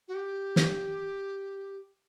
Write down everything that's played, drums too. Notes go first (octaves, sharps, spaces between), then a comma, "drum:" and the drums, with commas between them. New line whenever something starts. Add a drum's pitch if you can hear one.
F#4
G4
drum: snare